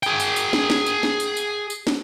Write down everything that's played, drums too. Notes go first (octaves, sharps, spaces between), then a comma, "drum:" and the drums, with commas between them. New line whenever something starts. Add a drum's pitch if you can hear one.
G#4 G5, drum: tambourine
drum: tambourine
drum: tambourine
drum: snare
drum: snare
drum: tambourine
drum: snare
drum: tambourine
drum: tambourine
drum: tambourine
drum: snare